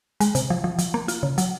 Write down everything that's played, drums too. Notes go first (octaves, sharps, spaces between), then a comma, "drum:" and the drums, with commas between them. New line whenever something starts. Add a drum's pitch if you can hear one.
G#3, drum: hi-hat
C3, drum: hi-hat
F3
F3
F3, drum: hi-hat
A#3
F4, drum: hi-hat
C#3
F#3, drum: hi-hat